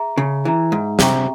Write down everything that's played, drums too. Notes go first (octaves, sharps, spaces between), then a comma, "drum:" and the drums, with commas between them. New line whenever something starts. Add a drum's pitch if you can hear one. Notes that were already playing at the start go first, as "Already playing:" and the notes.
Already playing: G#4 E5 A#5
C#3
E3 G#4 E5 A#5
G#2
C3 G#4 E5 G5 A#5 C#6, drum: snare